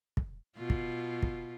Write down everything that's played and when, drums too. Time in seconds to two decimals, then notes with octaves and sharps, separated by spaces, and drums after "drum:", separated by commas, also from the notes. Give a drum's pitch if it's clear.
0.17 drum: kick
0.57 B2 F4
0.70 drum: kick
1.23 drum: kick